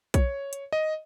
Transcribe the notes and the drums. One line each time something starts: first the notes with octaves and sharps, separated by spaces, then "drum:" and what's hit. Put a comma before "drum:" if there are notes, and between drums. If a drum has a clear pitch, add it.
C#5, drum: kick B1, hi-hat
drum: hi-hat
D#5